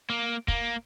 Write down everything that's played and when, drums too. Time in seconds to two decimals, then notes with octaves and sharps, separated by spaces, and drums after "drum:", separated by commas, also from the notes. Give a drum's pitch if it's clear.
0.10 A#3
0.48 A#3, drum: kick